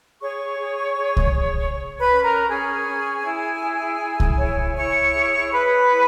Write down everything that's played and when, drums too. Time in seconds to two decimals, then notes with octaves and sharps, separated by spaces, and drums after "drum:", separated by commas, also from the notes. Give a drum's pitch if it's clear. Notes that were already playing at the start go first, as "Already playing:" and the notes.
0.21 G#4 C#5 C#6
0.60 G#4
0.98 G#4
1.17 drum: kick C2
1.35 G#4
1.73 C#5
1.99 B4 B5
2.11 C#4
2.24 A#4 A#5
2.49 C#4 G#4 G#5
2.87 C#4
3.25 E4
3.63 G#4
4.01 E4
4.20 drum: kick C2
4.39 C#5
4.76 E4 C#5 C#6
5.15 G#4
5.52 G#4 B4 B5
5.90 E4